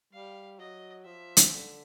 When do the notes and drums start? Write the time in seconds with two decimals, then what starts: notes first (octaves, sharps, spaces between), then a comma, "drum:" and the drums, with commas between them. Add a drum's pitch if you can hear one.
0.13 G3 F5
0.59 F#3 D#5
1.05 F3 E5
1.37 drum: hi-hat
1.52 D3